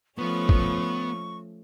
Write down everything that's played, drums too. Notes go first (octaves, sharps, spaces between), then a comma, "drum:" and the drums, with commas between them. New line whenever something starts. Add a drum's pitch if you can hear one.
F3 A3 B3 C#4 C#6
drum: kick